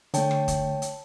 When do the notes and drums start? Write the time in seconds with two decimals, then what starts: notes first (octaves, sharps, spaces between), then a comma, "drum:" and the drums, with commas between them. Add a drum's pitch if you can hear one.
0.14 D3 A3 C#5 G5 A5, drum: hi-hat
0.31 drum: rim click
0.48 drum: kick, hi-hat
0.82 drum: hi-hat